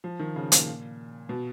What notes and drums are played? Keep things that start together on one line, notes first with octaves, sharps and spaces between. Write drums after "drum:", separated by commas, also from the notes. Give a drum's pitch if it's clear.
F3
D#3
C#3
A#2, drum: hi-hat
B2